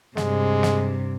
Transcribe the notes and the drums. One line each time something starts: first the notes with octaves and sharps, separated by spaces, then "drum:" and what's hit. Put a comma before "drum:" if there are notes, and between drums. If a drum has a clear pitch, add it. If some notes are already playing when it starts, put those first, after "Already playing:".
G2 C3 G#3, drum: snare
drum: snare